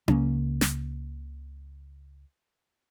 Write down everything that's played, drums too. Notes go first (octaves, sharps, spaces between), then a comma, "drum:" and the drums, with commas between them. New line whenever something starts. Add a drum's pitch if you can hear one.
C#2 C#3 G#3 A#3, drum: tom C#4
drum: snare